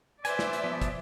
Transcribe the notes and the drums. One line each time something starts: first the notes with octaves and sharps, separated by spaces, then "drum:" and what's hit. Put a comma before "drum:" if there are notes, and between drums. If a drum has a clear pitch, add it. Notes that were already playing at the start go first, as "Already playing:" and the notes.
B4 C5 D5 E5 G#5, drum: hi-hat
drum: snare
drum: hi-hat
F3 B3
drum: kick, hi-hat